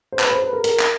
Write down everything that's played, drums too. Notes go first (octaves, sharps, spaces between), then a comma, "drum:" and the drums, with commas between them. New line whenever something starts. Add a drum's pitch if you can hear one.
C5
B4, drum: clap
C5
B4
A#4
A#4, drum: hi-hat
drum: clap